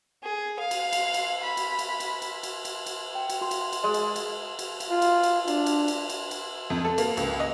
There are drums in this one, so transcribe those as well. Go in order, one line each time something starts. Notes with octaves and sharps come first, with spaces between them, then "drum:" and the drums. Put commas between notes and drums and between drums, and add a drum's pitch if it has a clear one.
G#4
F5
drum: cymbal
drum: cymbal
drum: cymbal
B5
drum: cymbal
drum: cymbal
drum: cymbal
drum: cymbal
drum: cymbal
drum: cymbal
drum: cymbal
G5
drum: cymbal
F#4 C6
drum: cymbal
drum: cymbal
G#3 D#5
drum: cymbal
drum: cymbal
drum: cymbal
drum: cymbal
F4
drum: cymbal
drum: cymbal
D4, drum: cymbal
drum: cymbal
drum: cymbal
drum: cymbal
drum: cymbal
F2
A4
A#3, drum: cymbal
C#2, drum: cymbal
D#5